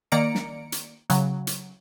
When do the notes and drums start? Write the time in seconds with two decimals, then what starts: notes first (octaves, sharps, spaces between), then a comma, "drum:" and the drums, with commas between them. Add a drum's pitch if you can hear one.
0.12 D#3 A#3 D5 A#5 C#7 D7
0.35 drum: snare
0.72 drum: hi-hat
1.10 C#3 F#3, drum: hi-hat
1.47 drum: hi-hat